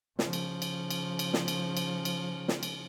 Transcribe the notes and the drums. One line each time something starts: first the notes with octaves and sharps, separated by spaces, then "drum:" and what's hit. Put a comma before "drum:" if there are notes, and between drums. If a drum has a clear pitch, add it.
C#3 F3, drum: snare
drum: cymbal
drum: cymbal
drum: cymbal
drum: cymbal
drum: snare
drum: cymbal
drum: cymbal
drum: cymbal
drum: snare
drum: cymbal